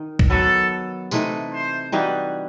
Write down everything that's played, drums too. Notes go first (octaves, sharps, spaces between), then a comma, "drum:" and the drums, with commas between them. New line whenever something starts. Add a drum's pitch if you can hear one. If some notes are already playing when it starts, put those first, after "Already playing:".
Already playing: D#3 D#4
drum: kick
F#3 B3 F#4 A4
C3 E3 A3 D#4, drum: tambourine
C5
E3 G3 D#4 F#4